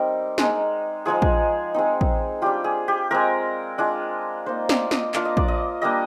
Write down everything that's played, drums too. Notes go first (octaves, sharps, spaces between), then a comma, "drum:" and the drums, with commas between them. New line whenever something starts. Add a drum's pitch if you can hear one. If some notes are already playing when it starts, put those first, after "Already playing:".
Already playing: G3 C4 D#4 A#4
G#3 D#4, drum: snare
F3 G#3 D#4 G#4
drum: kick
G#3 C4 D#4
drum: kick
G3 D4 F4 G4
G#4
G4
G#3 C4 F4 A#4
G#3 D4 F4
A#3 D#4 C5
D5, drum: snare
D#5, drum: snare
A#3 D4 F4 F5, drum: clap
D#5
D5, drum: kick
D#5
G3 A#3 D4 D#5